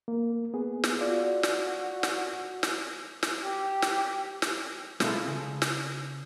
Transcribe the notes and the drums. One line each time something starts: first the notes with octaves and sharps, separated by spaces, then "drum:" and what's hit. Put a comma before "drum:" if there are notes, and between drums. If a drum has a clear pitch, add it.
A#3
B3 G#4
drum: snare
F4 F#4 D5
drum: snare
drum: snare
drum: snare
drum: snare
G4
drum: snare
drum: snare
G#3 B3 C#4 E4 F4 A4, drum: snare
C#3
drum: snare